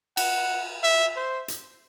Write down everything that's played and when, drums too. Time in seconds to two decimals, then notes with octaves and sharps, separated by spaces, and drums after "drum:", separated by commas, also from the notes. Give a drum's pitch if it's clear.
0.17 F#5, drum: cymbal
0.84 E5
1.16 C5
1.48 drum: hi-hat